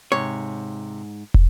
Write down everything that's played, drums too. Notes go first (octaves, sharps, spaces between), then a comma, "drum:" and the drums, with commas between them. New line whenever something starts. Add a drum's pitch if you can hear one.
G#2 C3 C#5
drum: kick